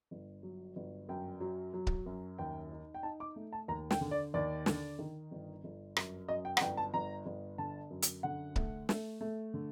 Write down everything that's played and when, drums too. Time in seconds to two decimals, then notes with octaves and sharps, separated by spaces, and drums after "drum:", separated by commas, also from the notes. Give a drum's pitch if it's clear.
0.11 G1
0.43 F#3
0.76 G1
1.09 F#2 G5
1.41 F#3
1.74 F#3
1.87 drum: kick C#1
2.06 F#2
2.38 D#2 G5
2.71 D#4
2.94 G5
3.03 D#4 A5
3.20 D6
3.36 A3
3.53 A5
3.68 D#2 A#5
3.91 G5, drum: snare
4.01 D3
4.11 D5
4.34 D#2 D5
4.66 D3, drum: snare
4.99 D#3
5.31 G1
5.64 G1
5.96 F#2, drum: rim click
6.29 F#2 D#5
6.45 G5
6.57 F#5, drum: rim click
6.61 G1 G5
6.77 A5
6.94 G1 A#5
7.26 G1
7.58 D3 A5
7.90 F#2
8.02 drum: hi-hat
8.23 D3 F#5
8.56 A3, drum: kick C#1
8.89 A3, drum: snare
9.21 A3
9.54 D3